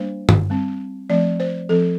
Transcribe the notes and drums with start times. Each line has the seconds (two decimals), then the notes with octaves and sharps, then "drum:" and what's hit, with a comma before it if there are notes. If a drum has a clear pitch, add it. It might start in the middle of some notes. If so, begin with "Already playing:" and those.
Already playing: G3 A#3 D4 C5
0.29 drum: tom G2
0.50 G3 C4
1.09 F3 A3 C4 D5
1.40 C5
1.69 F3 C4 A4